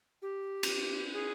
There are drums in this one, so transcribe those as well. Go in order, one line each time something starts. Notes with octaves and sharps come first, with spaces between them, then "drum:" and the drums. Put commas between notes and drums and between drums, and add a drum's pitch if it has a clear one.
G4
drum: cymbal
G#4